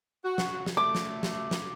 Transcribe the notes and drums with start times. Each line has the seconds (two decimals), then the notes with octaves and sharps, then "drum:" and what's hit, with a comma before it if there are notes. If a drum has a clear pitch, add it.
0.24 F#4
0.38 drum: snare
0.66 drum: snare
0.77 A3 D6
0.95 drum: snare
1.23 drum: snare
1.51 drum: snare